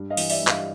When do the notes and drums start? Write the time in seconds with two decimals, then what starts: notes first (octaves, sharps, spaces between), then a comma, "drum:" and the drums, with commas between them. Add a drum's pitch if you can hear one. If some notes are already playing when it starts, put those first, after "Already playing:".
Already playing: G2
0.10 D#5 F5
0.17 E3, drum: open hi-hat
0.30 D5 E5, drum: open hi-hat
0.42 G2
0.47 D#5 F5, drum: clap